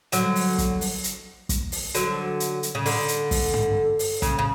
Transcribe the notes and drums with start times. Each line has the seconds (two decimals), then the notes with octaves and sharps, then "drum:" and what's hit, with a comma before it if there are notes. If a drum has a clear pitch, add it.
0.12 D3 F#3, drum: hi-hat
0.36 drum: open hi-hat
0.58 drum: kick, hi-hat
0.81 drum: open hi-hat
1.04 drum: hi-hat
1.49 drum: kick, hi-hat
1.72 drum: open hi-hat
1.95 D3 F#3, drum: hi-hat
2.40 drum: hi-hat
2.63 drum: hi-hat
2.75 C#3
2.86 D3, drum: open hi-hat
3.08 drum: hi-hat
3.31 drum: kick, open hi-hat
3.54 drum: tom
3.99 drum: open hi-hat
4.22 C#3, drum: kick, hi-hat
4.39 C#3